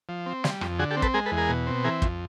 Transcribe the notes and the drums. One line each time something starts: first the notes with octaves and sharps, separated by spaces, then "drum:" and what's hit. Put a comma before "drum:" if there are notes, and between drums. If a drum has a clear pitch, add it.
F3
C4
G3, drum: snare
F2, drum: rim click
D3 F#4 G#4
G4 A4
C4
A4 B4, drum: kick
G#3 G#4 A#4
A4 B4
E2
G#4 A#4
B2
C4
E3 G#4 A#4
F2, drum: kick